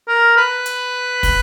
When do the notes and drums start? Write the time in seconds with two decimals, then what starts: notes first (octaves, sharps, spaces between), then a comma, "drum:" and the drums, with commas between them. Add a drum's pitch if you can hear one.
0.08 A#4
0.37 B4
0.66 drum: hi-hat
1.23 drum: kick, open hi-hat